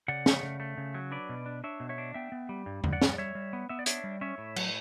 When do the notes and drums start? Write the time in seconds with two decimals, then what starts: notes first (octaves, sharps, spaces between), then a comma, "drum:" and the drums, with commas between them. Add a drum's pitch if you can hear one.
0.08 C#3 D5 F#5
0.26 A3, drum: snare
0.43 C#3
0.60 A3
0.78 C#3
0.94 F#3
1.11 D4 B4 D5
1.29 B2
1.46 D4
1.64 D4 C#5 E5
1.80 B2
1.89 C#5 E5
1.98 D4
2.14 B3 E5 G5
2.32 B3
2.49 G3
2.66 G2
2.84 G2, drum: tom E2
2.93 D5 F#5
3.02 G2, drum: snare
3.13 D5
3.18 G3 C#5 E5
3.35 G3
3.53 B3
3.69 B3 E5
3.79 D5
3.86 D4 C#5 E5, drum: hi-hat
4.04 G3
4.21 C#4 C#5 E5
4.38 A2
4.56 F#3, drum: cymbal